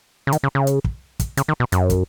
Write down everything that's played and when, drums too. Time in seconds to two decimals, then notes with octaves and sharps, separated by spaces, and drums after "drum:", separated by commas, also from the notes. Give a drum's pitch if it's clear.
0.27 C#3
0.32 D#3, drum: hi-hat
0.43 C#3
0.55 C#3
0.67 drum: hi-hat
0.84 drum: kick
1.20 drum: kick, hi-hat
1.37 C#3, drum: hi-hat
1.48 D#3
1.60 B2
1.72 F#2, drum: hi-hat
1.90 drum: kick, hi-hat